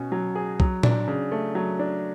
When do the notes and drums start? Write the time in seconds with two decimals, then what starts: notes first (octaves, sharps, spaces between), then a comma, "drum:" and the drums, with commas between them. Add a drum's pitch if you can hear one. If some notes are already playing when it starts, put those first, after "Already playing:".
Already playing: B2 C#4
0.12 F#3
0.35 G#4
0.60 F#3, drum: kick B1
0.83 D4, drum: tom A#2
1.08 C#3
1.32 A3
1.55 F#3
1.79 D4